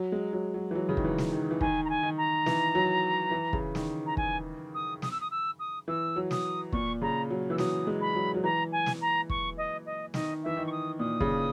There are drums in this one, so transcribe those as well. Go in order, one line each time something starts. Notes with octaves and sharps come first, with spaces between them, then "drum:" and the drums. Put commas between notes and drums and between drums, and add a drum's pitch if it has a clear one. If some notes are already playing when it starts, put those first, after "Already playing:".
Already playing: F#3
G#3
F#3
F#3
E3
F#3
C#3
D#3, drum: kick
E3
drum: snare
D#3
E3
D#3 G#5, drum: kick
A#5
G#5
D#3
A#5
E3, drum: snare
F#3
E3
C#3, drum: kick
D#3, drum: snare
A#5
G#5, drum: kick
D#6
D#6, drum: snare
E6
D#6
E6
D#6
E3 E6
F#3
D#6, drum: snare
A#2 C#6, drum: kick
C#3 A#5
F#3
E3 E6
F#3 D#6, drum: snare
G#3
B5
F#3
F#3
E3 A#5
G#5
drum: snare
A#5
C#6, drum: kick
D#5
D#5
D#3 D#5, drum: snare
E3 E5
D#3
C#6
D#6
A#2 D#6
C#3, drum: kick